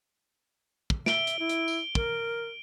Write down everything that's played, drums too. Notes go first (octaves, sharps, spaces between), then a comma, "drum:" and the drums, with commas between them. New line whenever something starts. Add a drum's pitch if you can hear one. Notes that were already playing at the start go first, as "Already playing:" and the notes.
drum: kick
E5 D7 G7, drum: snare
drum: hi-hat
E4
drum: hi-hat
drum: tambourine
A#4, drum: kick